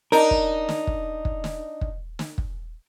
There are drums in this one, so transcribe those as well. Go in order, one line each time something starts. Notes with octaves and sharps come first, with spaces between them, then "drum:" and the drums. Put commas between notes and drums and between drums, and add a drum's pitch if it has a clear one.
D4 D#4 A#4
drum: kick
drum: snare
drum: kick
drum: kick
drum: snare
drum: kick
drum: snare
drum: kick